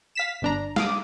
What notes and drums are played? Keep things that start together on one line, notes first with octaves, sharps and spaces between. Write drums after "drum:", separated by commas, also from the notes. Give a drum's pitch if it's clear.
F5 B6 E7
G1 D4 A#5
F5 D6 D#6, drum: snare